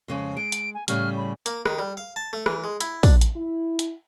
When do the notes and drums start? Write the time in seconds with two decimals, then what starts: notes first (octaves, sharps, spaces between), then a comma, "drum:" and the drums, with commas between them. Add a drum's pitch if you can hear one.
0.08 F2 C#3 G#3
0.37 G#3 D7
0.52 drum: hi-hat
0.75 G#5
0.88 A2 C#3 G3 F6, drum: hi-hat
1.17 B5
1.46 A#3, drum: hi-hat
1.66 D#3, drum: rim click
1.79 G3
1.97 F5
2.16 A5
2.33 A3
2.46 E3, drum: rim click
2.64 G#3
2.81 E4, drum: hi-hat
3.03 D4, drum: kick, open hi-hat
3.21 drum: hi-hat
3.36 E4
3.79 drum: hi-hat